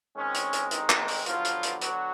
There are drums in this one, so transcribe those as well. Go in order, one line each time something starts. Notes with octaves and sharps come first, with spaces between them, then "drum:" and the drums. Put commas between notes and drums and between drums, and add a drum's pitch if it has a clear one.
D#3 G#3 C4 C#4
drum: hi-hat
drum: hi-hat
D#3 D#4, drum: hi-hat
drum: clap
drum: open hi-hat
D3 F3 F#3 B3 F4, drum: hi-hat
drum: hi-hat
drum: hi-hat
F#3 F#4, drum: hi-hat